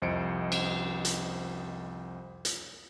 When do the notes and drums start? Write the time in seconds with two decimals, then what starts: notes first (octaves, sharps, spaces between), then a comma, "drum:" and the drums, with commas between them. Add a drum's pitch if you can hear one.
0.02 C2 F2 C5 D#5 C#7 D7
0.52 drum: cymbal
1.05 drum: hi-hat
2.45 drum: hi-hat